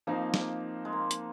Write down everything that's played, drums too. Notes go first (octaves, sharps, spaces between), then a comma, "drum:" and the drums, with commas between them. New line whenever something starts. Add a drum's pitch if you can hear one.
F3 A#3 C4 D#4
drum: snare
G#3
A#3
drum: hi-hat